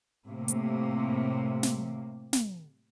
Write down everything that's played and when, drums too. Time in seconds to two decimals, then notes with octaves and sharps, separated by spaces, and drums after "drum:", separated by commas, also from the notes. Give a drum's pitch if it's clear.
0.27 A2 C3 A#3
0.48 drum: hi-hat
1.63 drum: snare
2.33 drum: snare